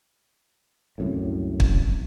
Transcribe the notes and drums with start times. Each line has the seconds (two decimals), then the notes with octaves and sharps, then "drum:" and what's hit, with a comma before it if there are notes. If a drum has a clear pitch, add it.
0.98 C2 F#2 A2
1.60 drum: kick